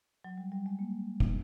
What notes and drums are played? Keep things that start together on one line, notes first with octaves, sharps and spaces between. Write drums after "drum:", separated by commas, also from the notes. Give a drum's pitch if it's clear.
F#3
G3
G3
G#3
A#3
drum: kick